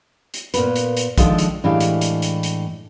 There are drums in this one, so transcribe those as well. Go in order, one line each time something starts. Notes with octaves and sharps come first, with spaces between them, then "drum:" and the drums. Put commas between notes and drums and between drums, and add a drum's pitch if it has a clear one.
drum: hi-hat
A#2 A#3 B3 B4, drum: hi-hat
drum: hi-hat
drum: hi-hat
D3 D#3 F3 G#3 F4 A4, drum: kick, hi-hat
drum: hi-hat
A2 E3 G#3 D4 G4 F5
drum: hi-hat
drum: hi-hat
drum: hi-hat
drum: hi-hat